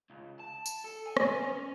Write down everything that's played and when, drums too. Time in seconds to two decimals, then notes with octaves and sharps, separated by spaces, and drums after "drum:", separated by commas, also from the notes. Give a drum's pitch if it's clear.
0.10 C#2
0.39 A5
0.66 drum: tambourine
0.84 A4
1.06 G#5
1.17 drum: rim click
1.42 C#4